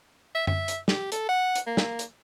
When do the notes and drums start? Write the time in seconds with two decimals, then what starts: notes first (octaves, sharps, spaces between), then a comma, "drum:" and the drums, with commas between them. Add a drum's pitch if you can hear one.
0.35 E5
0.47 E5, drum: tom F#2
0.68 drum: hi-hat
0.88 G4, drum: snare
1.12 A4, drum: hi-hat
1.29 F#5
1.55 drum: hi-hat
1.67 A#3
1.77 drum: snare
1.99 drum: hi-hat